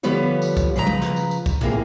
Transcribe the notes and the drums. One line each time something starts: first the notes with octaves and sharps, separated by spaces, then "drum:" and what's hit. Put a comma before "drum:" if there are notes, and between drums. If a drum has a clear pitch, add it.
D3 F3 G3 B3 B4 C#5
drum: tambourine
drum: kick, tambourine
C#3 F3 B4 C#5 A#5
drum: tom
drum: snare
drum: tambourine
drum: tambourine
drum: kick, tambourine
A2 C3 E3 A#3 F4 G#4, drum: tom